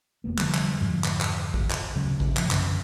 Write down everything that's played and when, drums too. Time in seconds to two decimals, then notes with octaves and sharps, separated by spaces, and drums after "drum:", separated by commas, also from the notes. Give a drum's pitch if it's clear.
0.24 F1 D#2 A#3 B3
0.38 D3 F3 G3, drum: clap
0.54 drum: clap
0.81 F2 G#2 D3 F3
1.04 drum: clap
1.21 drum: clap
1.54 drum: kick A1
1.70 drum: clap
1.95 D1 C#3 F#3 C#4
2.20 drum: kick A1
2.37 A1 C#3 F3, drum: clap
2.51 F#2 D3 C#4, drum: clap